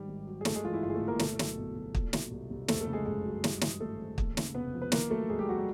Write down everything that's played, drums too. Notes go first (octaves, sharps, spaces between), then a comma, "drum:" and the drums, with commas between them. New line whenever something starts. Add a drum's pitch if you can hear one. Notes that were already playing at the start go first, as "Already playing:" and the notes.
Already playing: G#2 D#3 G3 G4
G#1
F#3
G#4
G2 A3 A4, drum: snare
G#3 G#4
E3 F4
E4
G1 F4
G#4
A3 A4
G1
A#3 A#4
B2 A3 A4, drum: snare
F#3, drum: snare
B1
B1
A#2, drum: kick
F#3, drum: snare
C2
C2
F2 A3 A4, drum: snare
A3 A4
C#3
G#3 G#4
F#1 G#3 G#4
F#3
G2, drum: snare
E3, drum: snare
G#1 A3 A4
G#1
D#2, drum: kick
C#3, drum: snare
F1 B3 B4
F3
B4
D#3 A#3 A#4, drum: snare
F#3 A3 A4
D#2 G#3 G#4
G3 G4
D#2 F#3 F#4
G3 G4